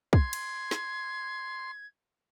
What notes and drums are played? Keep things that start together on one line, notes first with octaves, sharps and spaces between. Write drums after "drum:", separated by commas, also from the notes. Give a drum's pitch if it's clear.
C6 G#6, drum: kick
drum: cymbal
drum: snare